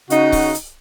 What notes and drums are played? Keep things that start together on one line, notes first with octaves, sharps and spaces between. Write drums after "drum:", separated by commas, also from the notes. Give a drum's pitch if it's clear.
C#3 D#4 F#4, drum: hi-hat
drum: kick C#1, open hi-hat
drum: hi-hat